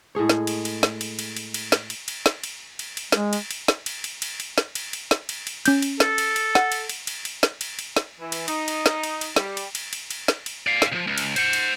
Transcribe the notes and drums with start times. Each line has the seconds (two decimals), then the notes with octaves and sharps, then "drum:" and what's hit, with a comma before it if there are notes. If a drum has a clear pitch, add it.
0.15 A2 G#3 G#4 C#5
0.29 drum: snare
0.47 drum: cymbal
0.65 drum: cymbal
0.83 drum: snare
1.01 drum: cymbal
1.19 drum: cymbal
1.37 drum: cymbal
1.54 drum: cymbal
1.72 drum: snare
1.90 drum: cymbal
2.08 drum: cymbal
2.26 drum: snare
2.44 drum: cymbal
2.79 drum: cymbal
2.97 drum: cymbal
3.12 G#3, drum: snare
3.33 drum: cymbal
3.51 drum: cymbal
3.68 drum: snare
3.86 drum: cymbal
4.04 drum: cymbal
4.22 drum: cymbal
4.40 drum: cymbal
4.58 drum: snare
4.75 drum: cymbal
4.93 drum: cymbal
5.11 drum: snare
5.29 drum: cymbal
5.47 drum: cymbal
5.66 C#4 G6, drum: cymbal
5.82 drum: cymbal
6.00 A4, drum: snare
6.18 drum: cymbal
6.36 drum: cymbal
6.55 F#5, drum: snare
6.72 drum: cymbal
6.89 drum: cymbal
7.07 drum: cymbal
7.25 drum: cymbal
7.43 drum: snare
7.61 drum: cymbal
7.79 drum: cymbal
7.96 drum: snare
8.20 E3
8.32 drum: cymbal
8.48 D#4, drum: cymbal
8.68 drum: cymbal
8.86 drum: snare
9.04 drum: cymbal
9.21 drum: cymbal
9.36 G3, drum: snare
9.57 drum: cymbal
9.75 drum: cymbal
9.93 drum: cymbal
10.11 drum: cymbal
10.28 drum: snare
10.46 drum: cymbal
10.67 D5 F5
10.82 drum: snare
10.92 C#2 F3
11.07 C#2
11.18 drum: cymbal
11.36 C5 F#5, drum: cymbal
11.53 drum: cymbal